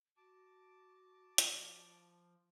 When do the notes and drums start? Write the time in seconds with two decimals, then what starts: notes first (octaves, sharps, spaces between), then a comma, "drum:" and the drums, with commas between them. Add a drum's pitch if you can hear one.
0.17 F#4 A5 D6
1.38 F3, drum: hi-hat